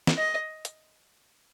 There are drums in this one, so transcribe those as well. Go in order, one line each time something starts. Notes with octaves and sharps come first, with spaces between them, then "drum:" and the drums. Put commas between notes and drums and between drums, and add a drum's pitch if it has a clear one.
drum: snare
D#5
drum: hi-hat